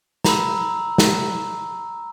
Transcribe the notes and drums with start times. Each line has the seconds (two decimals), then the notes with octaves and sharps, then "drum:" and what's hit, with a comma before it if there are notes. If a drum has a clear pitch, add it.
0.24 A#5 B5 E6, drum: snare
0.98 drum: snare